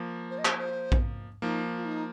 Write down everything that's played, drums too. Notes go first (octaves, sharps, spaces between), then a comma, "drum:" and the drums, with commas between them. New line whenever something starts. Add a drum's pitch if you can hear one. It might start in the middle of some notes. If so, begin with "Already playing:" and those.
Already playing: F3 A#3
C5
D#5
C5, drum: clap
C5
drum: kick A#1
F3 A#3 D#4
F4
D#4